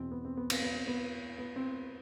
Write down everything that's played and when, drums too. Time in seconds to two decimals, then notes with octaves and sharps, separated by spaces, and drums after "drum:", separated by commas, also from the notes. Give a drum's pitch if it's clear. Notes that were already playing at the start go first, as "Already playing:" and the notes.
Already playing: E2 B2 C4
0.11 B3
0.25 C4
0.37 B3
0.50 C4, drum: cymbal
0.62 B3
0.75 C4
0.87 B3
1.38 B3
1.56 C4